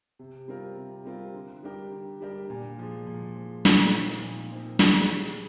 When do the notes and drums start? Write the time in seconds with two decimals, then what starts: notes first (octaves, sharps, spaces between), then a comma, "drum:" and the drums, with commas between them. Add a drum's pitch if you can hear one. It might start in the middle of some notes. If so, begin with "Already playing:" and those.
0.19 C3
0.48 G3 C4 F4 A#4
0.77 C3
1.05 G3 C4 F4 A#4
1.34 D3
1.63 G3 D4 G4 A#4
1.91 D3
2.21 G3 D4 G4 A#4
2.50 A#2
2.79 F3 G#3
3.07 A#2
3.35 F3 G#3
3.65 A#2, drum: snare
3.93 F3 C4 D#4 A#4
4.21 A#2
4.51 F3 C4 D#4 A#4
4.79 G3, drum: snare
5.08 D4 G#4